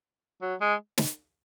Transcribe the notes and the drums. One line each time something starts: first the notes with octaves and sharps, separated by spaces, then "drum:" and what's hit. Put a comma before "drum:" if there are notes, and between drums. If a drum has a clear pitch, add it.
F#3
G#3
drum: snare